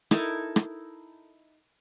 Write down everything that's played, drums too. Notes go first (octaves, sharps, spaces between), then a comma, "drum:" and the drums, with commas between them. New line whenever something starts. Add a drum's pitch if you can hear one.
D#4 E4 A4 A#4, drum: rim click
drum: rim click